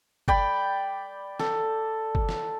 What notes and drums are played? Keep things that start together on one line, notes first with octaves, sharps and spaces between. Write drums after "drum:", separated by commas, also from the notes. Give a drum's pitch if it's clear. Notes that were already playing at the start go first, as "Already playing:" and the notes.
D5 G5 B5, drum: kick F#1
A4, drum: snare
drum: kick F#1
drum: snare